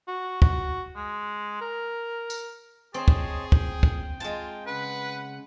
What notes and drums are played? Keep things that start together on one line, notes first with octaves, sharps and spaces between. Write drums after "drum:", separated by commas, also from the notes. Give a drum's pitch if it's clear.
F#4
F#4, drum: kick
G#3
A#4
drum: tambourine
C4 G#4 C#5 D#5 A5
drum: kick
G5, drum: kick
drum: kick
G#3 F4 A5
C#3 B4 F#5